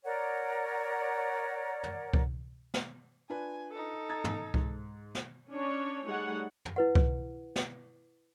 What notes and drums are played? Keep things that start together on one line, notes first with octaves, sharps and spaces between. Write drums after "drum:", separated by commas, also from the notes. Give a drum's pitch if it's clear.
A#4 C#5 D5 F#5
drum: tom
drum: kick C2
drum: snare
D4 F4 B4 G#5
D#4 A4
A#5 G#6 A6
drum: tom
G#2, drum: kick C2
drum: snare
C#4 D4 C#5
G3 A3 D#4 G#4 C#5 F#5
drum: tom
E4 B4 F#5
drum: kick C2
drum: snare